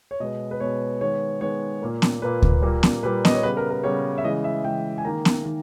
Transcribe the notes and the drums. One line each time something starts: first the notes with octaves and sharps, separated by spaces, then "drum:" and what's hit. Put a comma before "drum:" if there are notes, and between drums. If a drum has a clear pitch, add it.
C#5
B2 G#3 B3 D#5
B4
B2 G#3 B3 C#5
D#3 G#3 B3 C#5
D#3 G#3 B3 C#5
A#2 A#3
drum: snare B3
A#2 A#3 B4
drum: kick D2
A#2 G3 A#3
drum: snare B3
A#2 G3 A#3 B4
D#5, drum: snare B3
C#5
C#3 G3 B3 B4
A#4
A#4
C#3 G3 B3 C#5
E5
C#3 E3 G#3 D#5
E5
C#3 E3 G#3 G5
G#5
D#3 A#3 A#5
drum: snare B3
D#3